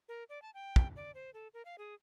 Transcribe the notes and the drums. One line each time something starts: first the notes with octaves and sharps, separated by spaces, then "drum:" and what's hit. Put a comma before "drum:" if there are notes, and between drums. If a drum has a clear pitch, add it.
A#4
D5
A5
G5
drum: kick
D5
C5
A4
A#4
F5
G#4